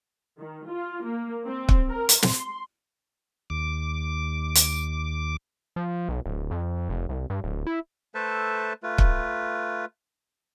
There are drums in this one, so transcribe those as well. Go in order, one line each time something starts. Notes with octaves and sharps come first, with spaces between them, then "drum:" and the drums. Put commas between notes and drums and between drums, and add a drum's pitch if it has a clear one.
D#3
F4
A#3
C4
drum: kick
A#4
drum: hi-hat
C6, drum: snare
D#2 D6
drum: hi-hat
F3
B1
D1
F2
F1
C2
G2
D1
E4
A3 A4 B4 C5 E5 A5
A3 F4 B4
drum: kick